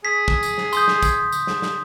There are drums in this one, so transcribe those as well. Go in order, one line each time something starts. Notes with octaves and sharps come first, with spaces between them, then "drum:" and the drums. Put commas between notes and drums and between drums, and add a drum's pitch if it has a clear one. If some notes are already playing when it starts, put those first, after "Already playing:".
G#4 B6
drum: kick
drum: tambourine
drum: snare
C6 D#6 G6, drum: tambourine
drum: snare
drum: kick, tambourine
drum: tambourine
drum: snare
drum: snare